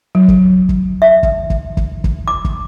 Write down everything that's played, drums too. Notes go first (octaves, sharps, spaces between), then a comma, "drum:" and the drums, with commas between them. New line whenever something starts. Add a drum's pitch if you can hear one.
F#3
drum: kick
drum: kick
E5
drum: kick
drum: kick
drum: kick
drum: kick
D6
drum: kick